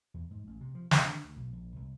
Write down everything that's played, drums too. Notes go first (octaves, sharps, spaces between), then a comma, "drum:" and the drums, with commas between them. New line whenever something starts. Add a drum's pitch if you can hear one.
E2
G#2
A1
C3
F3
E1, drum: snare
D4
D2
B1
A#1
C2